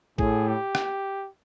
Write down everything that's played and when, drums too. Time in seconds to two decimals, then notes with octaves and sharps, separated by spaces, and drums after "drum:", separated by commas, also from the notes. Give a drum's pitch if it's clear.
0.18 A2 G#4, drum: kick
0.48 G4
0.75 drum: rim click